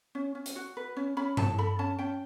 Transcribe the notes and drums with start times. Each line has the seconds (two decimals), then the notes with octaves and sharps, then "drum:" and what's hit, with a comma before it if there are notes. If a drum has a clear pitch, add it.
0.15 C#4
0.35 C#4
0.46 drum: hi-hat
0.56 F#4
0.77 B4
0.97 C#4
1.17 C#4 B5
1.37 E4 A5, drum: tom G2
1.58 A4 B5
1.79 C#4 A5
1.99 C#4 G5